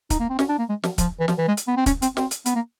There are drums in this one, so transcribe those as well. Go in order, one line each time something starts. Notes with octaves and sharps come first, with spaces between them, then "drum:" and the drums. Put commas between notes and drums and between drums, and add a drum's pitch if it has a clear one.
D#4, drum: kick, hi-hat
A#3
C4
C#4, drum: snare
D4
A#3
G#3
F3, drum: snare
F3, drum: kick, hi-hat
E3
F3, drum: snare
E3
G#3
drum: hi-hat
B3
C4
C#4, drum: kick, hi-hat
C4, drum: hi-hat
C4, drum: snare
drum: hi-hat
B3, drum: hi-hat
A#3